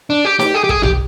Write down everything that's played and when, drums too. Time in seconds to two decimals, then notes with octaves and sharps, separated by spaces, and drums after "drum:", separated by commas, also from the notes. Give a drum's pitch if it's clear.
0.10 D4
0.25 G4
0.40 G4, drum: snare D#4
0.54 G#4
0.64 G4
0.69 G#4, drum: kick
0.83 G4, drum: tom B1